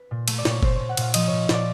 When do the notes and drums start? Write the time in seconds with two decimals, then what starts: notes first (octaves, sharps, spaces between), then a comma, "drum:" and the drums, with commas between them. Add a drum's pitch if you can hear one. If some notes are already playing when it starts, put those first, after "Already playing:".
Already playing: B4
0.11 A#2
0.28 A3, drum: cymbal
0.38 D5
0.45 A#2 C#5, drum: snare
0.63 A#2 C5, drum: kick F#1
0.76 A#2 C#5
0.89 F#5
0.97 A#2 F5, drum: cymbal
1.14 F3 D#5, drum: cymbal
1.28 A#2 C#5
1.49 A#2 D5, drum: snare